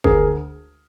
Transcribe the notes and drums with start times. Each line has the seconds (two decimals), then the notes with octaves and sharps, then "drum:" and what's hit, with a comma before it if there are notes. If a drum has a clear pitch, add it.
0.04 D2 G#4 A#4, drum: kick F#1